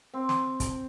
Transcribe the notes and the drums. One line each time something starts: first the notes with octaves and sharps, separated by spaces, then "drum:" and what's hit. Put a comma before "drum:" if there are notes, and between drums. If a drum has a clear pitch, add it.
C4
drum: snare
drum: kick, hi-hat